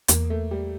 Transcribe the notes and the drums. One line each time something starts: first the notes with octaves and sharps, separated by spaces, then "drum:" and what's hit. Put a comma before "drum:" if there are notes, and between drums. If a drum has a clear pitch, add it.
E2 A#3, drum: hi-hat
A3
G3